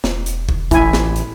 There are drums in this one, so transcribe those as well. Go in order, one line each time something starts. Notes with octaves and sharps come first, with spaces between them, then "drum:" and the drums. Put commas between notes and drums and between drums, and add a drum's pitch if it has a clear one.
E1, drum: snare
drum: hi-hat
drum: kick
A1 E4 G#5, drum: kick, hi-hat
drum: snare
drum: hi-hat